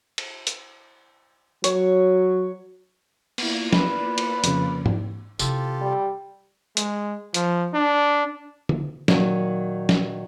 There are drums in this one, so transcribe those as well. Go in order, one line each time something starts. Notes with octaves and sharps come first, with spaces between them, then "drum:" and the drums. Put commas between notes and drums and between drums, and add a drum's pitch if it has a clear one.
drum: cymbal
drum: hi-hat
F#3 C#5, drum: hi-hat
A#3 B3 E4 F4 D5, drum: cymbal
B4, drum: snare
drum: cymbal
F2 C#3, drum: hi-hat
drum: tom G#2
C3 E3 F4 G4 A4, drum: tambourine
G3
G#3, drum: hi-hat
F3, drum: hi-hat
D4
drum: tom D3
A#2 D#3 F#3, drum: snare
drum: snare